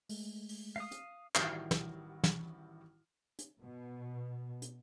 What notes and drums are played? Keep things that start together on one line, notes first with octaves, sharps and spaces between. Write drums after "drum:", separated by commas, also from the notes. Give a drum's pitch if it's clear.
G#3 A3, drum: open hi-hat
drum: open hi-hat
F5 D#6
drum: hi-hat
A1 D#3 G3 E4 F#4 F6, drum: clap
drum: snare
drum: snare
drum: hi-hat
B2
drum: hi-hat